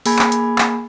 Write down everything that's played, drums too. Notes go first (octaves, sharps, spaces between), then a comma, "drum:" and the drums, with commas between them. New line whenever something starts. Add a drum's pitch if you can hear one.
A#3 G#4 G#5 B5 G#6, drum: open hi-hat
drum: clap
drum: hi-hat
drum: clap